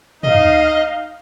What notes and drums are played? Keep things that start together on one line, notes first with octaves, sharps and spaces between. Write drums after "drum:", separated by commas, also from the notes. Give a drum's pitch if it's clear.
D#4 D#5 F5, drum: tom